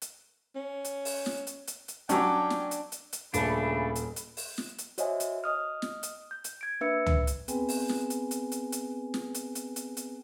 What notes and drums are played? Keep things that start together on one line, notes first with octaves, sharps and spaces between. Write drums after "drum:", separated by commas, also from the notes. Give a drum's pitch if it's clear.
drum: hi-hat
C#4
drum: hi-hat
drum: open hi-hat
drum: snare
drum: hi-hat
drum: hi-hat
drum: hi-hat
F#3 C#4 D4 G5 D6, drum: hi-hat
drum: snare
drum: hi-hat
drum: hi-hat
drum: hi-hat
D#1 C#3 A3 D4 B5, drum: hi-hat
drum: hi-hat
drum: hi-hat
drum: open hi-hat
drum: snare
drum: hi-hat
F#4 C5 C#5 D#5 E5 G#5, drum: hi-hat
drum: hi-hat
D#5 D#6 F6
drum: snare
drum: hi-hat
G6
drum: hi-hat
G#6 D7
A#3 D4 B4 E5 E6 C#7
drum: tom C#2
drum: hi-hat
B3 C4 G#4 B4 G5 G#5, drum: hi-hat
drum: open hi-hat
drum: snare
drum: hi-hat
drum: hi-hat
drum: hi-hat
drum: hi-hat
drum: snare
drum: hi-hat
drum: hi-hat
drum: hi-hat
drum: hi-hat